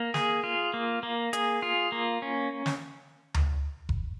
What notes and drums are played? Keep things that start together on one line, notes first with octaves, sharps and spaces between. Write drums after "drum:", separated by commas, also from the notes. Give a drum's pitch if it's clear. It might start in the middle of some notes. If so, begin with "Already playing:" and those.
Already playing: A#3
G#4, drum: snare
F4
A#3
A#3
G#4, drum: hi-hat
F4
A#3
C#4
drum: snare
drum: tom D2
drum: kick F1